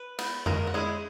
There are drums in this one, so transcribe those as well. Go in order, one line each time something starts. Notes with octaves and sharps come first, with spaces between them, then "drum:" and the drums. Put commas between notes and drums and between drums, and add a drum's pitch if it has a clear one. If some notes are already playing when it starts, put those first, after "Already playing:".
Already playing: B4
B3 E4, drum: cymbal
G#3 A#3 A#4, drum: tom F2
F#4
G#3 C#4 E4 G#4